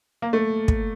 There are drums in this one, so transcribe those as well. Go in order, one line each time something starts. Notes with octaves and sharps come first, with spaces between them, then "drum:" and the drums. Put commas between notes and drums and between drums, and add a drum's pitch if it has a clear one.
A#3
A3
drum: kick